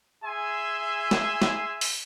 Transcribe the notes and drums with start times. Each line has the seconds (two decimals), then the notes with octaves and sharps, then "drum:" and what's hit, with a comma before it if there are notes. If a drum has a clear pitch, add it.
0.24 G#4 E5 G#5 C6
1.11 drum: snare
1.42 drum: snare
1.81 drum: open hi-hat